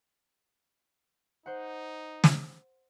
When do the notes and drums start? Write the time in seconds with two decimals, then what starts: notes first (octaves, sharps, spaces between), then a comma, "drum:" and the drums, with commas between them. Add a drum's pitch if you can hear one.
1.46 D#4 C5 F#5
2.24 drum: snare